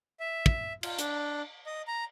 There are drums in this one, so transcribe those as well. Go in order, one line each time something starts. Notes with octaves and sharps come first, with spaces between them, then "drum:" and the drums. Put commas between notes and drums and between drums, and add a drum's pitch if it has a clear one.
E5
drum: kick
F4, drum: cymbal
D4, drum: hi-hat
D#5
A#5